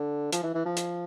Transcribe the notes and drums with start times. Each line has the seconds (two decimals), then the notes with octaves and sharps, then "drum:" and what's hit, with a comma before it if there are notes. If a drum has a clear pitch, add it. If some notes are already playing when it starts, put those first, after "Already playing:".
Already playing: D3
0.33 F3, drum: hi-hat
0.43 E3
0.54 E3
0.65 F3
0.77 drum: hi-hat